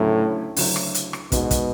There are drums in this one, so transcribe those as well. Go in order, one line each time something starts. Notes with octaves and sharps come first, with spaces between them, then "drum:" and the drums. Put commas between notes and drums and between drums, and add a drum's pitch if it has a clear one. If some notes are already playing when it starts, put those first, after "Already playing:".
Already playing: D2 A2 C#3 F#3 C#4 E4
D2 C#3 F#3 C#4 E4, drum: open hi-hat
drum: rim click
drum: hi-hat
drum: rim click
G#2 B2 G#3 B3, drum: kick, hi-hat
drum: kick, hi-hat